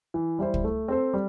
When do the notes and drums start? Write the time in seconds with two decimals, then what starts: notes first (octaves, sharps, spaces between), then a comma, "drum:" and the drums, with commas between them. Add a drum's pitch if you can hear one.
0.14 E3
0.39 G3 E4 C5
0.54 drum: kick
0.64 A3
0.88 C4 A4 C5
1.13 G3